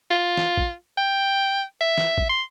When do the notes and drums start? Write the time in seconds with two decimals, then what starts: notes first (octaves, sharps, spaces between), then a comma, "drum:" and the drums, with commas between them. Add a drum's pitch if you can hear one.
0.10 F4
0.37 drum: snare
0.57 drum: kick A1
0.97 G5
1.81 E5
1.98 drum: snare
2.18 drum: kick A1
2.29 C6